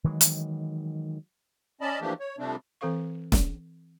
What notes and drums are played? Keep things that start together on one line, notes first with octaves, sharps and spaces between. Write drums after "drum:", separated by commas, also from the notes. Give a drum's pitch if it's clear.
D#3 E3 F#3 G#3
drum: hi-hat
C#4 D5 D#5 A5 B5
E3 F3 A3 A#3 D4 G4
C#5
C3 F3 G3 A3 C4 D4
E3 C4 A4 C5 F5 C#6
drum: snare